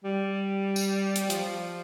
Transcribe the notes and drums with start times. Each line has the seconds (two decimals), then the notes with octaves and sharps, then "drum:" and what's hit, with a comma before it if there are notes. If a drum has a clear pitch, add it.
0.04 G3
0.76 drum: tambourine
1.16 drum: hi-hat
1.30 F3, drum: hi-hat